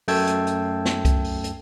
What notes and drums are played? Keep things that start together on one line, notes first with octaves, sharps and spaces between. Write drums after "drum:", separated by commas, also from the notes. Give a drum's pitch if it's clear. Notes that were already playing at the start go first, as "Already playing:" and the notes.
F#2 A3 G5 A5 E6 G#6, drum: open hi-hat
drum: hi-hat
drum: hi-hat
drum: snare
drum: kick C2, hi-hat
drum: open hi-hat
drum: hi-hat